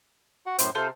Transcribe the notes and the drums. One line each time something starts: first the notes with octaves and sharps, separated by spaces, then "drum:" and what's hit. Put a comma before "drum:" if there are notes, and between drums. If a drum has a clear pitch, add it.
F#4 F#5
F#2 A2 C5, drum: hi-hat
C3 F4 A4 C5